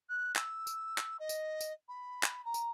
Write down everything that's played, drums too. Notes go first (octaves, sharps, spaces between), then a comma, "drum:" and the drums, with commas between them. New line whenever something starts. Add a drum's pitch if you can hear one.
F#6
E6, drum: clap
drum: tambourine
drum: clap
D#5
drum: tambourine
drum: tambourine
B5
drum: clap
A#5
drum: tambourine